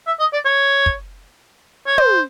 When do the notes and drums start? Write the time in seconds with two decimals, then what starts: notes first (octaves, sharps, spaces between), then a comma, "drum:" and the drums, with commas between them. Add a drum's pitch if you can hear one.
0.07 E5
0.20 D#5
0.33 D5
0.45 C#5
0.86 drum: kick
1.87 C#5
1.98 C5, drum: tom